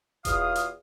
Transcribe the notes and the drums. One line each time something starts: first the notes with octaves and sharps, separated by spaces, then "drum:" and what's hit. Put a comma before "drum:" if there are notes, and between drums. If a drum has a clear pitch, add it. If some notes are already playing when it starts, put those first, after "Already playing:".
E2 F4 F#4 G#4 F5 D#6, drum: kick E1, hi-hat
drum: hi-hat